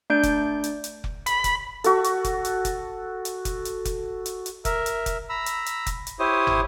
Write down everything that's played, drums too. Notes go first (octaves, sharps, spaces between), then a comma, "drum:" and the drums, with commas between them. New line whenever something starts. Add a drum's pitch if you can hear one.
A3 D4 D5 G6 D7
drum: kick F1, hi-hat
drum: hi-hat
drum: hi-hat
drum: kick F1
B5, drum: hi-hat
drum: kick F1, hi-hat
F#4 A4, drum: hi-hat
drum: hi-hat
drum: kick F1, hi-hat
drum: hi-hat
drum: kick F1, hi-hat
drum: hi-hat
drum: kick F1, hi-hat
drum: hi-hat
drum: kick F1, hi-hat
drum: hi-hat
drum: hi-hat
A#4 E5, drum: kick F1, hi-hat
drum: hi-hat
drum: kick F1, hi-hat
A#5 B5 E6
drum: hi-hat
drum: hi-hat
drum: kick F1, hi-hat
drum: hi-hat
E4 G4 C5 C#5 D#6
drum: tom